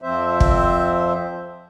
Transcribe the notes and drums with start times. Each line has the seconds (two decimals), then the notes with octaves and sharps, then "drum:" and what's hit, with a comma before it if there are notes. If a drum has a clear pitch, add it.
0.02 F2 F3 C4 C5 E5
0.40 drum: kick